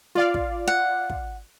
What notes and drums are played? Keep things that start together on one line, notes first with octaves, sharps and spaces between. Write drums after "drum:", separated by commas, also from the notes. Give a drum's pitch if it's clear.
F4 D5 F5, drum: snare
drum: kick
F#5
drum: kick